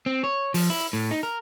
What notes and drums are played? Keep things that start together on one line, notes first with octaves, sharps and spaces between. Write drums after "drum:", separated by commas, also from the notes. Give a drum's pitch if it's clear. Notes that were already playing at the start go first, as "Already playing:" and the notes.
C4
C#5
F3, drum: open hi-hat
E4
A2
D#4
A#4